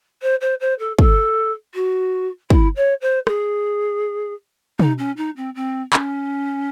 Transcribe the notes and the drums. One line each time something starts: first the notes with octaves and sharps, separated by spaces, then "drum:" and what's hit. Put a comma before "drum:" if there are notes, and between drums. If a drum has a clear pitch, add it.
C5
C5
C5
A4
A4, drum: kick
F#4
E4, drum: kick
C#5
C5
G#4, drum: rim click
D#4, drum: tom
C#4
D#4
C4
C4
C#4, drum: clap